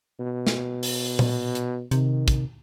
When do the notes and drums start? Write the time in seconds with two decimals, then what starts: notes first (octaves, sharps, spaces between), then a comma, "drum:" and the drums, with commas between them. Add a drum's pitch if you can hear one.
0.19 B2
0.47 drum: snare
0.83 drum: open hi-hat
1.19 drum: tom
1.55 drum: hi-hat
1.91 C3 D#3, drum: hi-hat
2.28 drum: kick, hi-hat